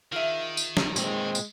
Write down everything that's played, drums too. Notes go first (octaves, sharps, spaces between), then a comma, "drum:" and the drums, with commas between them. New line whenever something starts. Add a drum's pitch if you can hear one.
D#3 F4 G#4 E5
drum: tambourine
drum: snare
A#2 G#3 C4, drum: tambourine
drum: tambourine